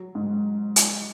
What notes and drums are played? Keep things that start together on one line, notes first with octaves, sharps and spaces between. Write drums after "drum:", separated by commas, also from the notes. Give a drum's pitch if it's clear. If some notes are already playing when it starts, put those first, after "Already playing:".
Already playing: F#3
G#2
drum: hi-hat